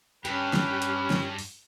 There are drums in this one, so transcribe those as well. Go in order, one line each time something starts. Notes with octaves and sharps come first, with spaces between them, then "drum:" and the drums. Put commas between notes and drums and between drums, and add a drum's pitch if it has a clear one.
G2 C#4 G4 B4, drum: hi-hat
drum: snare
drum: hi-hat
drum: snare
drum: open hi-hat